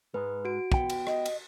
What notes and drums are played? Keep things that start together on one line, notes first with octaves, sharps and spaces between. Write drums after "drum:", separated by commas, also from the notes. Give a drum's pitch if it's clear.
G#2 G#3 B4
F#4 D7
B3 G5, drum: kick
drum: cymbal
D#5, drum: rim click
drum: cymbal